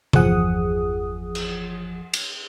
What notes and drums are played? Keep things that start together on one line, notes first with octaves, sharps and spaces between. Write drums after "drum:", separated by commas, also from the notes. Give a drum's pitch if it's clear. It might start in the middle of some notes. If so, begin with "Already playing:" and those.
G1 E2 F3 G#4 F#5 D#6, drum: tom C3
drum: cymbal
drum: cymbal